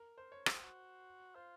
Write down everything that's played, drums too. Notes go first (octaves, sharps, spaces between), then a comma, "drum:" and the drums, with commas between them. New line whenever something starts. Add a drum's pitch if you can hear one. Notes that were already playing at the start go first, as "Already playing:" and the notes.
Already playing: A#4
C5
C#5
C5, drum: rim click
G4
F#4
F4 C5